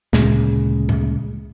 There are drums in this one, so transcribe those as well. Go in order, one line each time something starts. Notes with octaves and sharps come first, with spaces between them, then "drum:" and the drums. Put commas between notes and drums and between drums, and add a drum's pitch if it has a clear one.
D2 A#2 C#3 G#3, drum: snare
drum: tom G#2